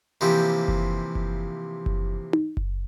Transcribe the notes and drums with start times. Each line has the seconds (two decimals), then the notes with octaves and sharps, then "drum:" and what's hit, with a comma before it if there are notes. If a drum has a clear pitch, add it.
0.21 C3 E3 F3 A#3 G4
0.68 drum: kick F#1
1.15 drum: kick F#1
1.86 drum: kick F#1
2.33 drum: tom D#4
2.57 drum: kick F#1